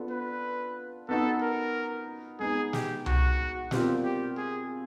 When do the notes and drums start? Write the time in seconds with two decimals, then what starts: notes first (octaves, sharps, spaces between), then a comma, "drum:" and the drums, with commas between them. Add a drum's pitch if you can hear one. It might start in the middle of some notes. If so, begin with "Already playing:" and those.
Already playing: B3 D4 F4 A4
0.10 B4
1.08 B3 D#4 F#4 A4
1.41 A#4
2.39 G#3 B3 D#4 G#4
2.73 G4, drum: snare
3.06 F#4, drum: tom C2
3.71 B2 G3 C4 F4 G4 A#4, drum: snare
4.04 G4
4.37 G#4